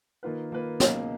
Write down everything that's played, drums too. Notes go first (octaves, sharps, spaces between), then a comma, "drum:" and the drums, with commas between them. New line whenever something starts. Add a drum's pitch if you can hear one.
D#3 A#3 F4 B4
D#3 A#3 F4 B4
C#2 B2 A#3 D#4, drum: snare